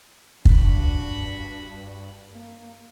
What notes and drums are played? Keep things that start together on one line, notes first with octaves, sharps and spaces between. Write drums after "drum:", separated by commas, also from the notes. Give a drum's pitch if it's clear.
G2 D4 F#4 B5, drum: kick
A#3